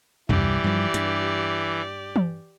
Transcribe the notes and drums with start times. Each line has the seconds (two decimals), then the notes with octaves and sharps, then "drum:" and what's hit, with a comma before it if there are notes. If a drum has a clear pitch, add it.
0.29 C2 G2 E3 G4 D5, drum: tom E2
0.64 G2 F3
0.94 G2, drum: hi-hat
2.16 drum: tom E3